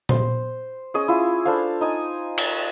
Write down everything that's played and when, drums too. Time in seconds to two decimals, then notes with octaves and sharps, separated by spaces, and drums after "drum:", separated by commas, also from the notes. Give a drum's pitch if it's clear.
0.09 C5, drum: tom A#2
0.94 C#4 G#4 D#5
1.08 E4 F4
1.45 D4 A4 C5 F5
1.81 D#4 D#5 G#5
2.38 drum: cymbal